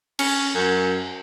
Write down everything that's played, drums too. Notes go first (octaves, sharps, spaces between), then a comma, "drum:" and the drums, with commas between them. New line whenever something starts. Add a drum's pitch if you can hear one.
C#4, drum: cymbal
F#2